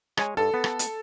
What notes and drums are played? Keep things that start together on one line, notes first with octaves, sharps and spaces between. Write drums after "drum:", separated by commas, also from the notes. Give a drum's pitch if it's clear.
G#3 C#5 G#5, drum: rim click
G2 A4
B3
drum: rim click
drum: hi-hat